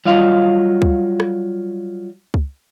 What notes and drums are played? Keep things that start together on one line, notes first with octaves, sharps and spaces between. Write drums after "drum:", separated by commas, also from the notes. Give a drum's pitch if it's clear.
F#3 G3 F4 D#5 F5
drum: kick C#2
drum: rim click
drum: kick C#2